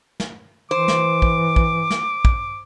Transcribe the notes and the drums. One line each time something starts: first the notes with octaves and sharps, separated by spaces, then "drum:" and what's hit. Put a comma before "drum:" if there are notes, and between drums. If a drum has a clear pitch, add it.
drum: snare
E3 C5 D6
drum: snare
drum: kick
drum: kick
drum: snare
drum: kick